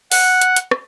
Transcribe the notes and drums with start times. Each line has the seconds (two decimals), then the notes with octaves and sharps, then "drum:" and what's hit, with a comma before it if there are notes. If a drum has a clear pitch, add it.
0.12 F#5, drum: open hi-hat
0.41 drum: hi-hat
0.56 drum: hi-hat
0.71 drum: rim click